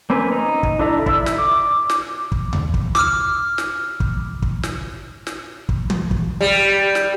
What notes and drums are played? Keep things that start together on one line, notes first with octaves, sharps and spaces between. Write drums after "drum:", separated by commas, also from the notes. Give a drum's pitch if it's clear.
A#3 C4 C#4 B4
D#4 A#5
drum: kick
D4 E4 A4 E5 A#5
E4 D5 E5 E6, drum: kick
drum: snare
D6
drum: snare
drum: kick
drum: tom D#2
drum: kick
D6 E6 F6, drum: snare
drum: snare
drum: kick
drum: kick
drum: snare
drum: snare
drum: kick
drum: tom
drum: kick
G3
drum: snare